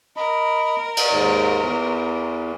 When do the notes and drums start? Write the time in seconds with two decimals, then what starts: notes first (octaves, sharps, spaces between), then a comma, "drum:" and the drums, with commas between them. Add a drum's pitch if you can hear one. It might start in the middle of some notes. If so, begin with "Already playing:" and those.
0.16 A#4 D#5 B5
0.97 drum: cymbal
1.11 D#2 G#2
1.62 E2 E3